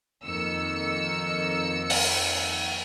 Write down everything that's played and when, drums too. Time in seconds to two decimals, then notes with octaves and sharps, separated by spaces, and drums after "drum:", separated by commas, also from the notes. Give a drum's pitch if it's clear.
0.23 F2 D#3 A#3 E6 C#7
1.90 drum: open hi-hat